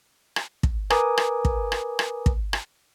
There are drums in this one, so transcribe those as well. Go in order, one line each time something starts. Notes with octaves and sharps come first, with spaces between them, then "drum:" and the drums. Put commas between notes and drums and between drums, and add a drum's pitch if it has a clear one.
drum: rim click
drum: kick
A#4 B4 G#5 A#5 D6 D#6, drum: rim click
drum: rim click
drum: kick
drum: rim click
drum: rim click
drum: kick
drum: rim click